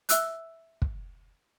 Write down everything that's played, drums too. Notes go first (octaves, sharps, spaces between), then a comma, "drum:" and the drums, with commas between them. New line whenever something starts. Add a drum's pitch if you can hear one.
E5 E6 F#6, drum: hi-hat
drum: kick